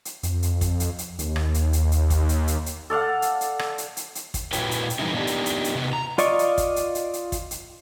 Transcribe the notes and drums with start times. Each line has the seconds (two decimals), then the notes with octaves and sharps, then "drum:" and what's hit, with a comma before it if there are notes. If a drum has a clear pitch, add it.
0.05 drum: hi-hat
0.23 F2, drum: hi-hat
0.43 drum: hi-hat
0.61 drum: kick, hi-hat
0.80 drum: hi-hat
0.98 drum: hi-hat
1.19 D#2, drum: hi-hat
1.36 drum: rim click
1.54 drum: hi-hat
1.73 drum: hi-hat
1.92 drum: hi-hat
2.10 drum: kick, hi-hat
2.29 drum: hi-hat
2.48 drum: hi-hat
2.66 drum: hi-hat
2.90 A4 D5 F5 F#5
3.22 drum: hi-hat
3.41 drum: hi-hat
3.59 drum: rim click
3.78 drum: hi-hat
3.97 drum: hi-hat
4.15 drum: hi-hat
4.34 drum: kick, hi-hat
4.53 A#2 E4 F#4 B4 C#5 G5, drum: hi-hat
4.71 drum: hi-hat
4.90 drum: hi-hat
4.99 D3 E3 G3 D#4 E4
5.15 B3 D4 D#4 G4
5.27 drum: hi-hat
5.46 drum: hi-hat
5.64 drum: hi-hat
5.75 C3 B3
5.93 A#5
6.18 F4 D5 D#5 C#6, drum: hi-hat
6.39 drum: hi-hat
6.58 drum: kick, hi-hat
6.76 drum: hi-hat
6.95 drum: hi-hat
7.13 drum: hi-hat
7.32 drum: kick, hi-hat
7.51 drum: hi-hat